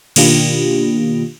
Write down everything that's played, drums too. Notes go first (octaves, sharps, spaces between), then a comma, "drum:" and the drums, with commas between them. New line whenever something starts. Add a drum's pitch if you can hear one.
B2 D#3 A#3 D4 F4 G4, drum: cymbal